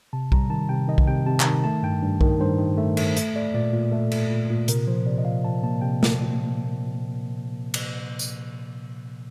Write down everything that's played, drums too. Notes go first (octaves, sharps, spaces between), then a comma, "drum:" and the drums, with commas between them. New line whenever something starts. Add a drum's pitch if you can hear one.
C3 A5
G3 A#5, drum: kick B1
D#3 A5
C3 G5
D#3 D#5
drum: kick B1
C3 G5
C3 A5
A#5, drum: clap
D#3 A5
A3 A5
G2 G5
G2
D#3 A#4, drum: kick B1
G2 C5
D#3
A3
A3, drum: cymbal
A3, drum: hi-hat
A3 D5
A#2 D5
A#2
A3 A4
A3, drum: cymbal
A#2
A#2
C3 A#4, drum: hi-hat
F3 C5
C3 D5
D#5
F3 F5
F3 A5
A#3 A5
C3 G5
drum: snare
drum: cymbal
drum: tambourine